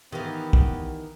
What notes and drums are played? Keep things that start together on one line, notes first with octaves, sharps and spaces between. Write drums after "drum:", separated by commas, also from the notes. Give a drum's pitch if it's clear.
D#3 E3 B3 G4
drum: kick